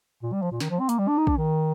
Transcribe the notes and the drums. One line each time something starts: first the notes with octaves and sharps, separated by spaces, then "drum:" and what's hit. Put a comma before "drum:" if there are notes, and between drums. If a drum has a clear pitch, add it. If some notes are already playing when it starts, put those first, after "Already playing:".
A#2
G3
F3
A#2
D#3, drum: snare
F3
C4
A#3, drum: hi-hat
G3
D4
D#4
D4, drum: kick A#1
D#3